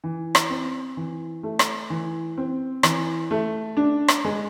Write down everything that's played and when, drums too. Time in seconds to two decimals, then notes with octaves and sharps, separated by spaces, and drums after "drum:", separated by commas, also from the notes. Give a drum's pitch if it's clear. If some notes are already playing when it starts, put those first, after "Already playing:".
0.04 E3
0.35 drum: rim click
0.50 C4
0.97 E3
1.43 A3
1.59 drum: rim click
1.90 E3
2.38 C4
2.83 E3, drum: rim click
3.31 A3
3.77 D4
4.08 drum: rim click
4.25 G#3